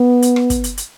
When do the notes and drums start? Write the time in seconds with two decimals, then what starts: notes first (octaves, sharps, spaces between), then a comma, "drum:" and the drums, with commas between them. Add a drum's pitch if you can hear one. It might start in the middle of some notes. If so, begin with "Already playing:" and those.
Already playing: B3
0.22 drum: hi-hat
0.36 drum: rim click
0.50 drum: kick, hi-hat
0.64 drum: hi-hat
0.78 drum: hi-hat